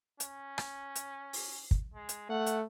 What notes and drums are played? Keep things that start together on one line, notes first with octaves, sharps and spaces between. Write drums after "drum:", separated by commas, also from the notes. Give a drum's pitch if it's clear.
C#4, drum: hi-hat
drum: rim click
drum: hi-hat
drum: open hi-hat
drum: kick
G#3
drum: hi-hat
A3 F#5
drum: hi-hat